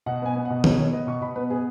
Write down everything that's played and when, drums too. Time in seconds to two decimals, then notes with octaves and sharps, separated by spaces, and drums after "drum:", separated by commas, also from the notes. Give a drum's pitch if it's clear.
0.06 B2 F#5
0.22 B3 G#5
0.35 B3
0.45 F#5
0.50 B2
0.64 B3 C#5, drum: tom
0.78 B3 C#5
0.93 B3 D#5
1.07 B2 C#6
1.21 B2 B5
1.36 B3 B4
1.50 B3 G#4